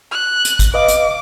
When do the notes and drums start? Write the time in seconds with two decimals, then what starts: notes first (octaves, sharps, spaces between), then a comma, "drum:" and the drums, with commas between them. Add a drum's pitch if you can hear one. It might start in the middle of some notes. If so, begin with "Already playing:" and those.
0.12 F#6
0.45 drum: hi-hat
0.59 drum: kick G#1, hi-hat
0.74 B4 D#5 F5 D6
0.88 drum: hi-hat